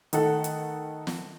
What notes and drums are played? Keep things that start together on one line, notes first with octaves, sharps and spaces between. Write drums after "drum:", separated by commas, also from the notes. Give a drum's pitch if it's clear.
D#3 A3 A4 F#5, drum: hi-hat
drum: hi-hat
drum: snare